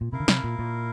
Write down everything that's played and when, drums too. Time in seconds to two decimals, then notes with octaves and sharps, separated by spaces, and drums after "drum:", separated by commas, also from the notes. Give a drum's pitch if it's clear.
0.01 A#2
0.12 C3 E4 A#4 F5
0.20 D3
0.28 C3, drum: snare
0.44 A#2
0.59 A#2